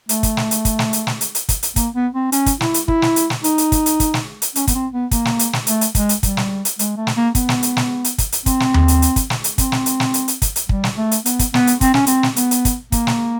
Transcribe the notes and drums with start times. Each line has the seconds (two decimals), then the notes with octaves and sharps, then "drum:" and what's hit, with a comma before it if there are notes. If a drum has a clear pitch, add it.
0.09 A3, drum: hi-hat
0.23 drum: kick, hi-hat
0.37 drum: snare
0.51 drum: hi-hat
0.65 drum: kick, hi-hat
0.79 drum: snare
0.93 drum: hi-hat
1.07 drum: snare
1.21 drum: hi-hat
1.35 drum: hi-hat
1.49 drum: kick, hi-hat
1.63 drum: hi-hat
1.76 A#3, drum: kick, hi-hat
1.95 B3
2.14 C4
2.32 C#4, drum: hi-hat
2.46 drum: kick, hi-hat
2.61 E4, drum: snare
2.74 drum: hi-hat
2.88 E4, drum: kick
3.02 drum: snare
3.16 drum: hi-hat
3.30 drum: snare
3.44 D#4, drum: hi-hat
3.58 drum: hi-hat
3.72 drum: kick, hi-hat
3.86 drum: hi-hat
4.00 drum: kick, hi-hat
4.14 drum: snare
4.42 drum: hi-hat
4.56 C#4, drum: hi-hat
4.67 B3, drum: kick, hi-hat
4.75 C4
4.93 B3
5.11 A#3, drum: kick, hi-hat
5.25 drum: snare
5.39 drum: hi-hat
5.53 drum: snare
5.67 A3, drum: hi-hat
5.81 drum: hi-hat
5.95 G#3, drum: kick, hi-hat
6.09 drum: hi-hat
6.23 G3, drum: kick, hi-hat
6.37 drum: snare
6.65 drum: hi-hat
6.79 G#3, drum: hi-hat
6.97 A3
7.07 drum: snare
7.17 A#3
7.35 B3, drum: kick, hi-hat
7.49 drum: snare
7.63 drum: hi-hat
7.77 drum: snare
8.04 drum: hi-hat
8.18 drum: kick, hi-hat
8.32 drum: hi-hat
8.46 C4, drum: kick, hi-hat
8.60 drum: snare
8.74 drum: tom D#2
8.88 drum: hi-hat
9.02 drum: hi-hat
9.16 drum: kick, hi-hat
9.30 drum: snare
9.44 drum: hi-hat
9.58 C4, drum: kick, hi-hat
9.72 drum: snare
9.86 drum: hi-hat
10.00 drum: snare
10.14 drum: hi-hat
10.28 drum: hi-hat
10.42 drum: kick, hi-hat
10.56 drum: hi-hat
10.69 G3, drum: kick
10.84 drum: snare
10.97 A3
11.11 drum: hi-hat
11.26 B3, drum: hi-hat
11.39 drum: kick, hi-hat
11.54 B3, drum: snare
11.67 drum: hi-hat
11.81 C4, drum: kick, hi-hat
11.94 C#4, drum: snare
12.07 C4, drum: hi-hat
12.23 drum: snare
12.36 B3, drum: hi-hat
12.51 drum: hi-hat
12.65 drum: kick, hi-hat
12.92 A#3, drum: kick, hi-hat
13.07 drum: snare